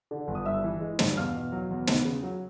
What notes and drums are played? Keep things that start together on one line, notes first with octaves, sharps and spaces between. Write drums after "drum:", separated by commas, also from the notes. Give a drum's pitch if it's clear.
D3
G1
D#6
G2 E5 E6
E3
G#3
G2, drum: snare
E2 F5 F6
B2
F#3
E2
B3, drum: snare
C#3
F#3